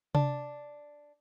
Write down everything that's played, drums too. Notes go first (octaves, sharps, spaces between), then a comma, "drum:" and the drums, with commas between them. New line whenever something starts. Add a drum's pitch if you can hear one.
D4, drum: tom C3